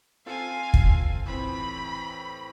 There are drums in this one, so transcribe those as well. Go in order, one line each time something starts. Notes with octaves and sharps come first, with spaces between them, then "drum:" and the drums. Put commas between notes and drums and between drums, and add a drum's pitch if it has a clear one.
C4 F4 A4 F5 G#5
drum: kick
A2 E3 C4 B5